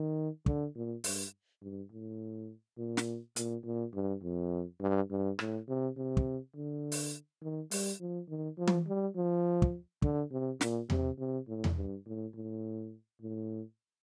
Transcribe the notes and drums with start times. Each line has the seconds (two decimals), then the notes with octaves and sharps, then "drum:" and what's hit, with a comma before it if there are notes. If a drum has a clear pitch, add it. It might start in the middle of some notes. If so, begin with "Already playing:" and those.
Already playing: D#3
0.46 D3, drum: kick
0.76 A#2
1.04 G2, drum: open hi-hat
1.62 G2
1.91 A2
2.78 A#2
2.97 drum: snare
3.36 A#2, drum: hi-hat
3.65 A#2
3.94 G2
4.23 F2
4.81 G2
5.10 G2
5.39 A2, drum: rim click
5.68 C3
5.97 C3
6.17 drum: kick
6.55 D3
6.92 drum: open hi-hat
7.42 D#3
7.71 G3, drum: open hi-hat
8.00 F3
8.29 D#3
8.57 F3
8.67 drum: tom E3
8.87 G3
9.16 F3
9.62 drum: kick
10.02 D3, drum: kick
10.31 C3
10.61 A#2, drum: snare
10.90 C3, drum: tom E2
11.18 C3
11.48 A2
11.64 drum: tom E2
11.76 G2
12.06 A2
12.34 A2
13.21 A2